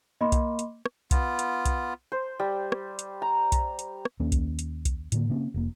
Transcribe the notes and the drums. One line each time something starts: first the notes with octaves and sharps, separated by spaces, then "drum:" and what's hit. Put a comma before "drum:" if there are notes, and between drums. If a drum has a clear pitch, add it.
A#3 D#5 B5 C6
drum: kick B1, hi-hat
drum: hi-hat
drum: rim click
B3 F4, drum: kick B1, hi-hat
drum: hi-hat
drum: kick B1, hi-hat
C5
G3
drum: rim click
drum: hi-hat
A#5
drum: kick B1, hi-hat
drum: hi-hat
drum: rim click
D#2 A#3 C#4
drum: kick B1, hi-hat
drum: hi-hat
drum: kick B1, hi-hat
A2 D3 A#3, drum: hi-hat
C#3 A#3 C4 C#4
F1 A#3